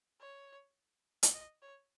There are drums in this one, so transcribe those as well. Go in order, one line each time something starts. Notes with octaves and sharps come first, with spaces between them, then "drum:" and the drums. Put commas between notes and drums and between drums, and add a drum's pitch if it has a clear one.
C#5
drum: hi-hat
D#5
C#5